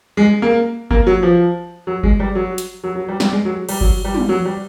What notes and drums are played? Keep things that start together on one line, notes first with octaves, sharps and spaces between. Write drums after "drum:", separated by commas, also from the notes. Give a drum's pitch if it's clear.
G#3
A#3
A#3, drum: kick G1
F#3
F3
F#3
G#3, drum: kick G1
G3
F#3
drum: hi-hat
F#3
F#3
G3
G3, drum: snare
G#3
F#3
G3, drum: cymbal
F#3, drum: kick G1
G3
drum: tom
F#3
G3